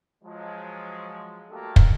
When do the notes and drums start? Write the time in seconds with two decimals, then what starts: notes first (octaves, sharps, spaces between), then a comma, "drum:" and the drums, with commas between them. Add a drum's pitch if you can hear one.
0.24 F3 F#3 G#3
1.50 A3 A#3 D4 F#4 G4 A4
1.76 drum: kick